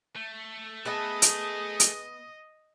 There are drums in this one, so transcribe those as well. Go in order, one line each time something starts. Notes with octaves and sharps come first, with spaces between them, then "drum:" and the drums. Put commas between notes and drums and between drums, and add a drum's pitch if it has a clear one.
A3
B3 G#4 D#5 E5 A5
drum: hi-hat
drum: hi-hat